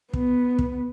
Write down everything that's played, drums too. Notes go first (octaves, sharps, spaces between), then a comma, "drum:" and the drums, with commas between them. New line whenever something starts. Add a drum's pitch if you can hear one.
B3, drum: kick
drum: kick